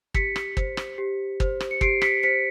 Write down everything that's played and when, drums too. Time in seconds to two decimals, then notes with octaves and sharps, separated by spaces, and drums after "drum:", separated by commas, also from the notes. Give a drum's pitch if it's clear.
0.14 G4 B6 C#7, drum: kick
0.36 drum: rim click
0.57 C5, drum: kick
0.77 drum: rim click
0.98 G4
1.40 C5, drum: kick
1.60 drum: rim click
1.71 C#7
1.81 G4 C7 D7, drum: kick
2.02 B6 C#7, drum: rim click
2.23 C5 B6 C#7